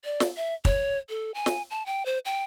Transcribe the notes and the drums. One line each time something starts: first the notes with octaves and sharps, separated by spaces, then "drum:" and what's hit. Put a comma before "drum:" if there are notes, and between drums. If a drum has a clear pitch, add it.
D5
drum: snare
E5
C#5, drum: kick
A4
G#5
drum: snare
A5
G5
C5
G5